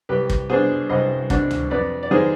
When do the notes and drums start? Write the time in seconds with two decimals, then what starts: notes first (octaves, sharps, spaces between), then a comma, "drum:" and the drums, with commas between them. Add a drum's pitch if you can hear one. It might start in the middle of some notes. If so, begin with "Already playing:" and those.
0.09 C2 G4 B4
0.30 drum: kick
0.49 B2 B3 D4 G#4 C5
0.89 C2 C5 D#5
1.30 B2 B3 D4, drum: kick
1.51 drum: tom
1.70 F2 B4 D5
2.03 D5
2.11 D#3 G#3 B3 G#4 C5